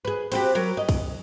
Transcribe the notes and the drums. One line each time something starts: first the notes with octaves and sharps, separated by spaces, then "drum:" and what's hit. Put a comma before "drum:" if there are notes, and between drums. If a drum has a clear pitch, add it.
G#4 B4
C4 F#4 G4, drum: cymbal
F#3 A#4
D#5
drum: kick, cymbal